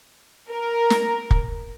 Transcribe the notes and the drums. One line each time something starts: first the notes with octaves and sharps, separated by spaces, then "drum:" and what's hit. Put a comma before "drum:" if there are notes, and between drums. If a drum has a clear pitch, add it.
A#4
drum: snare
drum: kick